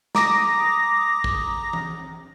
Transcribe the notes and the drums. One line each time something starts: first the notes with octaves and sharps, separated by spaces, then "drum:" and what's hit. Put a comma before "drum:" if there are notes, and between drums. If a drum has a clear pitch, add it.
A#5 D6 D#6 A#6, drum: snare
drum: kick
drum: tom E3